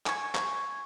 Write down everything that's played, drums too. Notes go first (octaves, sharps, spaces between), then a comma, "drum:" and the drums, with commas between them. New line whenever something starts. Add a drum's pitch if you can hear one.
G#5 C#6 G#6, drum: clap
drum: clap